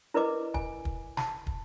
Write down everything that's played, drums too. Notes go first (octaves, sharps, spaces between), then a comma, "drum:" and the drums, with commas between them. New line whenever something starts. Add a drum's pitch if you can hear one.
E4 A#4 B4 D#5 D6
G#5, drum: kick
drum: kick
A5, drum: snare
drum: kick